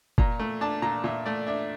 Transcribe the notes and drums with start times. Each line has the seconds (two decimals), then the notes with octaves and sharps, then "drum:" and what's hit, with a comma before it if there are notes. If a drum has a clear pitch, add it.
0.18 A#2 A#5, drum: kick F#1
0.39 A3
0.61 D4 A5
0.82 A#2 A#5
1.04 A#2 E5
1.26 A3 D5
1.47 D4 E5